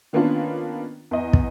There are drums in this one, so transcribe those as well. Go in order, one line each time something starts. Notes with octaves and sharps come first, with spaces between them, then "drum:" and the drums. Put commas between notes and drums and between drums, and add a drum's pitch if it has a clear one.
D#3 A#3 B3 C#4 D4 F4
E2 D#5
drum: kick